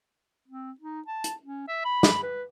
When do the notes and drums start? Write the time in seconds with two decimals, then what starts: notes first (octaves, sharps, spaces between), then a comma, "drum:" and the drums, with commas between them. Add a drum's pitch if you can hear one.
0.48 C4
0.80 D#4
1.07 A5
1.24 drum: hi-hat
1.43 C#4
1.68 E5
1.85 B5
2.03 drum: snare
2.23 B4